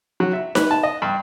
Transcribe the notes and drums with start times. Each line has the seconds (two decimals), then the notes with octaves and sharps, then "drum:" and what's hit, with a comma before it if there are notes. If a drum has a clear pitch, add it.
0.20 F#3
0.33 E5
0.55 B4, drum: snare D#4
0.71 A5
0.83 D#5
1.02 G2